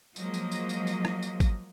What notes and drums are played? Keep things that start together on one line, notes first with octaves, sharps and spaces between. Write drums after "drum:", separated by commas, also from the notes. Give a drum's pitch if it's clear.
F3 F#3 G#3 A#3 D#5, drum: tambourine
drum: tambourine
drum: tambourine
drum: tambourine
drum: tambourine
drum: rim click
drum: tambourine
drum: kick, tambourine